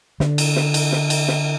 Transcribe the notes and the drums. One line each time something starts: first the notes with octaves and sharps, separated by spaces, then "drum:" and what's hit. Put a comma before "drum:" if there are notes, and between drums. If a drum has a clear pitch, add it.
D3, drum: snare
drum: cymbal
drum: snare
drum: cymbal
drum: snare
drum: cymbal
drum: snare